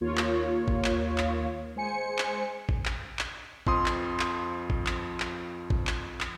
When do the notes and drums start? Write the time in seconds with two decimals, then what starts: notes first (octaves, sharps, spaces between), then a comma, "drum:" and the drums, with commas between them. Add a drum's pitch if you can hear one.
0.01 D#2 A#3 F4 C#5
0.17 drum: clap
0.68 drum: kick
0.84 drum: clap
1.18 drum: clap
1.76 G#3 C5 G#5 C#7
2.18 drum: clap
2.69 drum: kick
2.86 drum: clap
3.19 drum: clap
3.67 F2 F3 C6 D#6, drum: kick
3.86 drum: clap
4.20 drum: clap
4.70 drum: kick
4.87 drum: clap
5.20 drum: clap
5.70 drum: kick
5.87 drum: clap
6.21 drum: clap